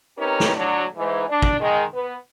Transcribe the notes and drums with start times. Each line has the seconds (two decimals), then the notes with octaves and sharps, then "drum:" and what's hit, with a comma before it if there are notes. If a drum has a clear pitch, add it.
0.18 C4 C#4 D#4 G4 A#4 B4
0.40 drum: snare
0.56 F#3 D4
0.96 G#2 E3
1.29 D4
1.42 drum: kick
1.60 D#3 G#3
1.94 B3 B4